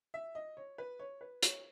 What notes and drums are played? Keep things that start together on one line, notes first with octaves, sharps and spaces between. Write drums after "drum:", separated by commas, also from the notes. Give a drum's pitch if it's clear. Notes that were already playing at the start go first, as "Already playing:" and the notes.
E5
D#5
C#5
B4
C#5
B4
C#5, drum: hi-hat